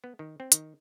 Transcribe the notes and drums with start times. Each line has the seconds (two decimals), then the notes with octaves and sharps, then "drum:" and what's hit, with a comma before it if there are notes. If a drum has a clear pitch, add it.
0.04 B3
0.19 D#3
0.40 C4
0.52 D#3, drum: hi-hat